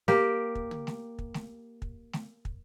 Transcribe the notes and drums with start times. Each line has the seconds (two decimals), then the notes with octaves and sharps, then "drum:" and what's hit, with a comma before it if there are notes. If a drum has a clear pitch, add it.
0.08 A#3 G4, drum: snare A3
0.55 drum: kick
0.71 drum: tom
0.87 drum: snare A3
1.19 drum: kick
1.34 drum: snare A3
1.82 drum: kick
2.13 drum: snare A3
2.45 drum: kick